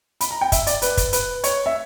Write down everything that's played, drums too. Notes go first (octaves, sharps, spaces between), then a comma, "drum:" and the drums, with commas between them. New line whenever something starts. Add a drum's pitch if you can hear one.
B5, drum: hi-hat
A#5
G5
E5, drum: kick, hi-hat
D5, drum: hi-hat
B4, drum: hi-hat
drum: kick, hi-hat
B4, drum: hi-hat
C#5, drum: hi-hat
E5